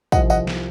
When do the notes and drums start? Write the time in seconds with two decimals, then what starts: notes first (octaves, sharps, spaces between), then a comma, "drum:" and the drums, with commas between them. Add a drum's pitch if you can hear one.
0.12 C2 C3 F3 D#5 F#5, drum: kick, tambourine
0.30 D#5 F#5, drum: tambourine
0.47 drum: snare